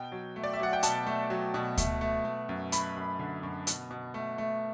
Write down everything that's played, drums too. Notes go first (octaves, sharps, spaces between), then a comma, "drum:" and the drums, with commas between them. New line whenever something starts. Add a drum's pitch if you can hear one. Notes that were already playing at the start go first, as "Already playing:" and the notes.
Already playing: B2 G5
F#3
A3
D5
E5
F#3 F#5
G5
B2 A5, drum: hi-hat
A3
F#3
B2
A3, drum: kick D2, hi-hat
A3
A3
F#2
A3 B5, drum: hi-hat
F#2
D3
F#2
B2, drum: hi-hat
B2
A3
A3